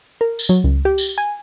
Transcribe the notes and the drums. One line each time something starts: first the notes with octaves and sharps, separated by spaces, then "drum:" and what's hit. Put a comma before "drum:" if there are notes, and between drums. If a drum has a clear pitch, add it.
A#4
drum: tambourine
F#3
C#2
G4
drum: tambourine
G#5